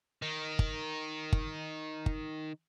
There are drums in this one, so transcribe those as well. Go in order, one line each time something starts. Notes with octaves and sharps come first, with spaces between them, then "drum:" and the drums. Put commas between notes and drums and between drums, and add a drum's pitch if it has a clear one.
D#3 D#4
drum: kick G1
drum: kick G1
drum: kick G1